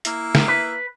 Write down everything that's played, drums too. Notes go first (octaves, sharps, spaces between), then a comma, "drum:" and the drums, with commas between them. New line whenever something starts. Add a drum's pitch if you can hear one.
A#3 E4, drum: hi-hat
drum: snare
B4